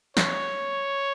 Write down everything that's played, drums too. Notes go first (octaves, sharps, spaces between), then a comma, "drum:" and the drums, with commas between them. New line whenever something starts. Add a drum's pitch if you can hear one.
C#5, drum: snare